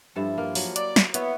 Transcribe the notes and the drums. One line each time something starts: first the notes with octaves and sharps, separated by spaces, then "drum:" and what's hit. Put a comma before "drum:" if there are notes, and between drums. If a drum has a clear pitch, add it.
G2 F3 E4 A4
A#3
F#3, drum: open hi-hat
D5, drum: hi-hat
drum: snare
B3 E4 C#5, drum: hi-hat